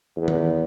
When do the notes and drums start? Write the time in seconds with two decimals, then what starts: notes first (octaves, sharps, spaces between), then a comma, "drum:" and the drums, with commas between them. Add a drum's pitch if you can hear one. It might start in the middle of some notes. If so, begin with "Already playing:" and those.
0.17 E2
0.28 drum: tom D#3